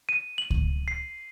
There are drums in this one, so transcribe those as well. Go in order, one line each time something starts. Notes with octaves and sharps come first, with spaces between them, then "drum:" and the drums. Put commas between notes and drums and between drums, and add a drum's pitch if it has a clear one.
D#7
F#7
drum: kick C#2
C7